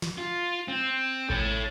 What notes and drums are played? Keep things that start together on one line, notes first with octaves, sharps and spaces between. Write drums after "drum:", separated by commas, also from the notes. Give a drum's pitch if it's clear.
drum: snare
F4
C4
A4 C#5, drum: kick A1